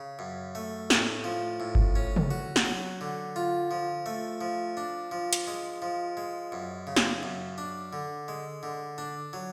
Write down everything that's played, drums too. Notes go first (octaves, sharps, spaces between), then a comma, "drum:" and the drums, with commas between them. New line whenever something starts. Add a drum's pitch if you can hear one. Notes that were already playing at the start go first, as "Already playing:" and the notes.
Already playing: C#3
F#2
A3
A2, drum: snare
F3
A2
drum: kick G1
C#4
drum: tom
F#4
drum: snare
F#3
D3
F4
F3
A3
F3
D4
F3
drum: hi-hat
G#3
F3
G#3
F#2
C#3
drum: snare
F#2
D4
D3
G#3
D3
D4
F#3